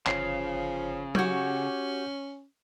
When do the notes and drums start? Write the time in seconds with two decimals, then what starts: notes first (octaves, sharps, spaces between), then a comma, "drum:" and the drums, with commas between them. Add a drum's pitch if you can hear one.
0.07 G1 C#3 F3 C#5 C7, drum: clap
1.15 C#4 F#4 G4 C#6 G6 G#6, drum: tom F#3